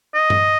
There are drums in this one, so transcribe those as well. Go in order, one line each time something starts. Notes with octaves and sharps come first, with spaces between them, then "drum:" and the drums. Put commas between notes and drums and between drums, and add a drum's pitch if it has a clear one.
D#5
drum: tom G2